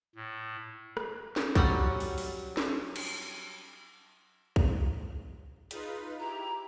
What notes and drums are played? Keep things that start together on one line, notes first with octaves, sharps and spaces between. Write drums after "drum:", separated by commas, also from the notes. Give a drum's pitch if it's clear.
A2
drum: rim click
drum: snare
F#3 G3 C#4 A4 F#5, drum: kick
drum: open hi-hat
drum: open hi-hat
drum: snare
drum: cymbal
drum: kick
D#4 F4 G#4 B4, drum: hi-hat
E4 G4 A#5